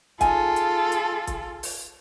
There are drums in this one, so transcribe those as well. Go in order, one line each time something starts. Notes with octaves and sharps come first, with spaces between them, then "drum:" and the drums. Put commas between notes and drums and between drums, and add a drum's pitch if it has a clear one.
D#4 F4 G#4 A4 G#5, drum: kick, hi-hat
drum: hi-hat
drum: hi-hat
drum: kick, hi-hat
drum: open hi-hat